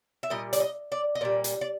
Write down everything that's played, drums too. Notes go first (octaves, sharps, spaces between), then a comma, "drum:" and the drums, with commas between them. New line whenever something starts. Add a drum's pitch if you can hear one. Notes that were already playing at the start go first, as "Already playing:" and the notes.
E5
A#2 G3 D#5
D5, drum: hi-hat
D#5
D5
D#5
A#2 G3 D5
drum: hi-hat
D5